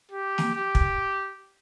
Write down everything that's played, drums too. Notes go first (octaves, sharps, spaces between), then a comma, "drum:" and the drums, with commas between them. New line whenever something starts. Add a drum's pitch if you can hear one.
G4
drum: snare
G4
drum: kick